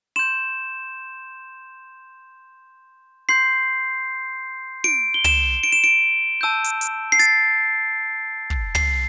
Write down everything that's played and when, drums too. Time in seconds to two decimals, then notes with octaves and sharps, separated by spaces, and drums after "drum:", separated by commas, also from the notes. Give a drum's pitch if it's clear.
0.16 C6 G6 E7
3.29 C6 G6 C7
4.84 D7, drum: snare
5.14 G7
5.24 E7, drum: tom
5.64 D7
5.72 E7
5.84 D7
6.41 A5 E6 G6
6.64 drum: hi-hat
6.81 drum: hi-hat
7.12 C7
7.19 A6, drum: hi-hat
8.50 drum: kick
8.75 C7, drum: tom